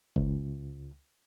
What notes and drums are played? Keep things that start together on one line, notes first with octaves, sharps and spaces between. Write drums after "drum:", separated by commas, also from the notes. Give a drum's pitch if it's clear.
C#2, drum: kick F#1